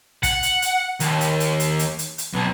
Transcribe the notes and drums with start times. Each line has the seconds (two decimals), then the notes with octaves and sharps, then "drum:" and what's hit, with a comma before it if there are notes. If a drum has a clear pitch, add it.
0.23 F#5, drum: kick, hi-hat
0.43 drum: hi-hat
0.62 drum: hi-hat
1.00 D#2, drum: hi-hat
1.21 drum: hi-hat
1.40 drum: hi-hat
1.60 drum: hi-hat
1.79 drum: hi-hat
1.99 drum: hi-hat
2.18 drum: hi-hat
2.34 B1